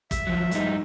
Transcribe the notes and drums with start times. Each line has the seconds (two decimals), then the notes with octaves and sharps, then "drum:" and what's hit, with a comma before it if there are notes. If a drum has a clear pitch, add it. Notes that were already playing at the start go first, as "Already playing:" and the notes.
0.11 E5, drum: kick, hi-hat
0.27 F3 F#3
0.51 G2 D#4, drum: hi-hat